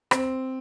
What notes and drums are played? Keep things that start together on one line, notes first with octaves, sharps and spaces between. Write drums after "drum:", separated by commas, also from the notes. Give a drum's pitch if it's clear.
C4, drum: rim click